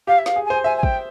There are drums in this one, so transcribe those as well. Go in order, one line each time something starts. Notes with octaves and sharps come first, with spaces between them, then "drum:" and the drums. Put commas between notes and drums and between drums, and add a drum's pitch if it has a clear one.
G4 F5
E5
F5, drum: snare
G#4
C5 G#5
E5 G#5
G#5
G5, drum: kick